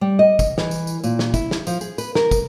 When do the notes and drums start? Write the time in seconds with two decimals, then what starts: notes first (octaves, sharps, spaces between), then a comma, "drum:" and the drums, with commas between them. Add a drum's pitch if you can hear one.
0.01 G3
0.19 D#5
0.39 drum: kick, tambourine
0.58 E3, drum: snare
0.71 drum: tambourine
0.87 drum: tambourine
1.04 A#2, drum: tambourine
1.19 drum: snare
1.34 E4, drum: kick, tambourine
1.51 drum: snare
1.67 F3, drum: tambourine
1.81 G#4, drum: tambourine
1.98 B4, drum: tambourine
2.15 A#4, drum: snare
2.31 drum: kick, tambourine